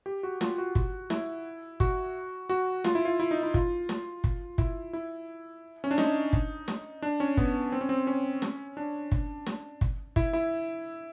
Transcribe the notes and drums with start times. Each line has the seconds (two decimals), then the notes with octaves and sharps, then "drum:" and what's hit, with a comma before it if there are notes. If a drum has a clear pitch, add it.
0.06 G4
0.23 F#4
0.41 F4, drum: snare
0.58 F#4
0.75 drum: kick
1.10 E4, drum: snare
1.80 F#4, drum: kick
2.49 F#4
2.84 F4, drum: snare
2.95 E4
3.05 F4
3.20 E4
3.31 D#4
3.43 E4
3.54 F4, drum: kick
3.89 drum: snare
4.24 drum: kick
4.58 E4, drum: kick
4.93 E4
5.84 C#4
5.91 D4
5.98 D#4, drum: snare
6.33 drum: kick
6.68 drum: snare
7.02 D4
7.20 C#4
7.37 B3, drum: kick
7.72 C4
7.81 C#4
7.89 C4
8.07 C#4
8.42 drum: snare
8.77 D4
9.12 drum: kick
9.46 drum: snare
9.81 drum: kick
10.16 E4, drum: kick
10.33 E4